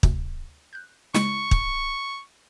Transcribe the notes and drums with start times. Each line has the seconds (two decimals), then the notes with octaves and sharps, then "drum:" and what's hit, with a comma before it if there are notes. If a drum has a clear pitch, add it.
0.03 D2 C3, drum: kick
0.73 F#6 G6
1.14 C#3 G#3 E4 C#6, drum: snare
1.51 drum: kick